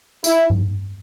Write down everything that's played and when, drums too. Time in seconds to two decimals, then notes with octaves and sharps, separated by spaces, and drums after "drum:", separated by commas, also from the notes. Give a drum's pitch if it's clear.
0.24 E4, drum: tambourine
0.50 drum: tom G2